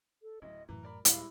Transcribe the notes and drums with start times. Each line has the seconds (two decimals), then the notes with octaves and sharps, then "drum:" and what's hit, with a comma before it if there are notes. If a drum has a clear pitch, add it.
0.23 A4
0.42 D1 F#3 E4 D#5
0.69 F#2 A2 E3 A#5
0.83 A#4 D5 B5
1.05 D#2 A#2 G3 G#3 B3 E4 F5, drum: hi-hat